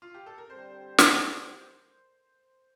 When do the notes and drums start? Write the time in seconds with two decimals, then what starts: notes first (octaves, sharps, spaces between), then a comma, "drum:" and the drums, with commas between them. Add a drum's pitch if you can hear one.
0.02 F4
0.14 G4
0.26 A4
0.38 A#4
0.50 D3 G3 C4 C5
0.98 drum: snare